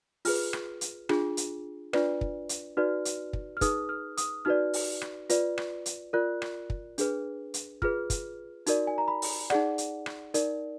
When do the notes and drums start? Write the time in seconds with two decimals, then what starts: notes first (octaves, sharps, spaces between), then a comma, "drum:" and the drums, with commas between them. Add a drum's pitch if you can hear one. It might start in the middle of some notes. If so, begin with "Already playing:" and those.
0.25 F4 G#4 B4 F6, drum: open hi-hat
0.53 drum: rim click
0.81 drum: hi-hat
1.09 D4 F4 G#4, drum: rim click
1.37 drum: hi-hat
1.93 D4 F4 B4 D5, drum: rim click
2.21 drum: kick
2.49 drum: hi-hat
2.77 D#4 F#4 B4 D5 F6
3.05 drum: hi-hat
3.33 drum: kick
3.57 F6
3.61 D#4 G#4 B4 D#6, drum: kick, hi-hat
3.89 F6
4.17 D#6, drum: hi-hat
4.45 D#4 F#4 B4 D5 F6
4.73 drum: open hi-hat
5.02 drum: rim click
5.30 F4 B4 D5, drum: hi-hat
5.58 drum: rim click
5.86 drum: hi-hat
6.13 F4 A#4 D5 F#6
6.42 drum: rim click
6.70 drum: kick
6.98 D4 G#4 B4, drum: hi-hat
7.54 drum: hi-hat
7.82 F4 G#4 B4 F6, drum: kick
8.10 drum: kick, hi-hat
8.66 D#4 F#4 A#4 D5, drum: hi-hat
8.87 G#5
8.98 A#5
9.08 B5
9.22 drum: open hi-hat
9.50 D#4 G#4 D5 F#5, drum: rim click
9.78 drum: hi-hat
10.06 drum: rim click
10.34 D#4 A#4 D5, drum: hi-hat